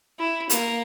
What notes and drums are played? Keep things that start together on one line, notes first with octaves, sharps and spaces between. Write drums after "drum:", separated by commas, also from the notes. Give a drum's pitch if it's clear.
E4
A#3, drum: hi-hat